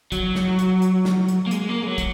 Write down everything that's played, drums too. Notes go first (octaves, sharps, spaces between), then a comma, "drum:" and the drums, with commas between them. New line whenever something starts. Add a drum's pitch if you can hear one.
F#3, drum: kick, hi-hat
drum: snare
drum: hi-hat
drum: hi-hat
drum: snare
drum: hi-hat
A#3
G#3, drum: hi-hat
A#3
G#3
F#3
drum: kick, hi-hat